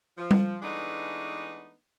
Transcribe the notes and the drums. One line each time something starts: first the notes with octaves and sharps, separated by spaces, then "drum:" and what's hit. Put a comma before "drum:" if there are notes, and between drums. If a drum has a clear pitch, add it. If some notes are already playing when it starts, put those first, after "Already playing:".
F3
drum: tom G3
E3 G#3 A3 B3 D4 D#4